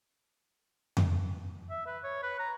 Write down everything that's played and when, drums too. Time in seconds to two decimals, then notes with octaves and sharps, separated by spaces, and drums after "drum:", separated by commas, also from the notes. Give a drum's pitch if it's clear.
0.97 drum: tom F2
1.70 E5
1.86 B4
2.04 C#5
2.23 B4
2.39 A#5